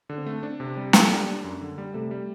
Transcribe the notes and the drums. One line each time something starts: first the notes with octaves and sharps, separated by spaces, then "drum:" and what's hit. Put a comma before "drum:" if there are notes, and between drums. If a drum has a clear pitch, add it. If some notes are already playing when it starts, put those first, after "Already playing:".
D3
C4
A3
C4 D4
C3
C4
G3
A#3 A4, drum: snare
G3
D4
F#2
D3
G3
C3 A3
G3